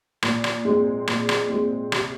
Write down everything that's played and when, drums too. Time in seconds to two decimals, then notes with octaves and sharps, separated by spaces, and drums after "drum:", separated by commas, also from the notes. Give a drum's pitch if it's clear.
0.23 A#2, drum: rim click
0.44 drum: rim click
0.65 G#3 C4
1.08 A#2, drum: rim click
1.29 drum: rim click
1.50 G#3 C4
1.92 C3, drum: rim click